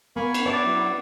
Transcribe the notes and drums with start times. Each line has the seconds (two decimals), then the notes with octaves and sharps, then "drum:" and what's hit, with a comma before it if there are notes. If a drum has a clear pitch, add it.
0.16 A#3 B3 G#5 B5 C#6
0.34 drum: cymbal
0.46 B4 C#5 D5 E5 A5
0.64 F#3 B3 E4